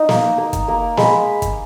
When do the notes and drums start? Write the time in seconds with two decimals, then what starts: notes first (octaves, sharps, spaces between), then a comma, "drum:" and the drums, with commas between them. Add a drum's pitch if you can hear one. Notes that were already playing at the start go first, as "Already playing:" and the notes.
Already playing: D#4
0.09 A#3, drum: snare
0.38 A#3
0.53 drum: kick, hi-hat
0.68 A#3
0.97 G#3 B5, drum: snare
1.42 drum: kick, hi-hat